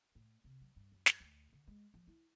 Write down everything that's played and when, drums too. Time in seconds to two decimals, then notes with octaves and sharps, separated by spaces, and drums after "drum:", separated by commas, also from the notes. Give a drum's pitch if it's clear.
0.15 A2
0.44 C3
0.61 F#3
0.76 G2
0.92 F#2
1.06 drum: snare
1.20 D2
1.52 D3
1.67 G#3
1.94 F3
2.07 E4